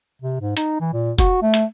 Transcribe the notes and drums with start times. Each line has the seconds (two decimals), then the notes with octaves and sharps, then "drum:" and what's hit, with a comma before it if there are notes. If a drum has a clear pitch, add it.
0.22 C3
0.41 G#2
0.57 D#4, drum: hi-hat
0.80 E3
0.93 A#2
1.19 F#4, drum: kick F1, hi-hat
1.42 A3
1.54 drum: hi-hat